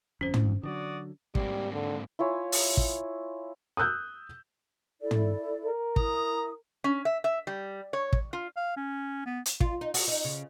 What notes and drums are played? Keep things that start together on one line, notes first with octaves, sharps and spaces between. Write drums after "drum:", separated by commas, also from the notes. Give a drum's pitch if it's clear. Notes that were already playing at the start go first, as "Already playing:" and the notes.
G1 F2 C#4 C5
drum: tom
D3 D#3 F#3 F#4 D5 D#6
G#2 G3 A#3 C4, drum: kick
D3
E4 F4 C#5 G#5
drum: open hi-hat
drum: kick
D#6 E6 F#6 G6
E4 A4 D5
drum: tom
A#4
E4 A#5 D#6, drum: kick
C#4
E5
E5
G3
C#5
drum: kick
F4
F5
C#4
B3
drum: hi-hat
F4, drum: kick
D#4
F#4, drum: open hi-hat
D#4
C#3